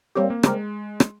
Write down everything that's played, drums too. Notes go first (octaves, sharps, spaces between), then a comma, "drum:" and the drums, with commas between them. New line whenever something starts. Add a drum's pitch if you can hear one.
G3 A#3 C4 C#4 G4
A#3
C#3 G3 G#3 C4 G4 A#4, drum: rim click
drum: rim click